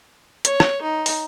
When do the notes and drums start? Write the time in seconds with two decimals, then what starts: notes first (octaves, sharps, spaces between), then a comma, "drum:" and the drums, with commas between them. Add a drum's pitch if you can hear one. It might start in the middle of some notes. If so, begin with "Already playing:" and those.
0.45 C#5, drum: hi-hat
0.60 drum: rim click
0.82 D#4
1.06 drum: open hi-hat